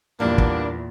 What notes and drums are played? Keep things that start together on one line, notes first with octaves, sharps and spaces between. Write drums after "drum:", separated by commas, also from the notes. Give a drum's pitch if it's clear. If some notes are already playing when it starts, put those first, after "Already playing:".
E2 G2 A#2 A#3 D4
drum: kick